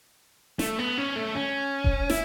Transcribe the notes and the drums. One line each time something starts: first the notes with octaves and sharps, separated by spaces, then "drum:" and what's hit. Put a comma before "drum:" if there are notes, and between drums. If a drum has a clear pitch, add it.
A3, drum: snare
B3
C#4
A3
C#4
drum: kick E1
E4, drum: snare